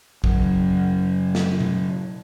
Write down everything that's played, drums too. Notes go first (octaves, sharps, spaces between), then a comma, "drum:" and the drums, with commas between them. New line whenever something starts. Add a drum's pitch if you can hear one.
F#2 C#3, drum: kick
drum: snare
drum: tom B2